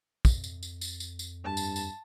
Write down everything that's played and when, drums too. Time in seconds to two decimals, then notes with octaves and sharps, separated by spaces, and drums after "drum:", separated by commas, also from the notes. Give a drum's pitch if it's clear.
0.25 F2, drum: kick, tambourine
0.44 drum: tambourine
0.63 drum: tambourine
0.81 drum: tambourine
1.00 drum: tambourine
1.19 drum: tambourine
1.45 G2 A5
1.57 drum: tambourine
1.76 drum: tambourine